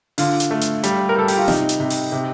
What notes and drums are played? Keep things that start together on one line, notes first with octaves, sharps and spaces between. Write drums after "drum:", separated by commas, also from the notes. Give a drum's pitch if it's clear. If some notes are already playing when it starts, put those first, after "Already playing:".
D3 F4, drum: open hi-hat
drum: hi-hat
A3
drum: hi-hat
G3, drum: hi-hat
A#4
G3 A4
G4, drum: open hi-hat
F4
C3 D#4, drum: snare
drum: hi-hat
C3
drum: open hi-hat
C3